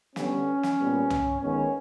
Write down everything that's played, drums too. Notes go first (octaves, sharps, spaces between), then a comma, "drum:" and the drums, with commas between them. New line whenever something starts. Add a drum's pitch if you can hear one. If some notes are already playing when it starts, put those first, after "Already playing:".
D3 G3 B3 C#4, drum: snare
drum: snare
A#2 G3 B3
drum: tom C2
D#3 G#3 B3 C#4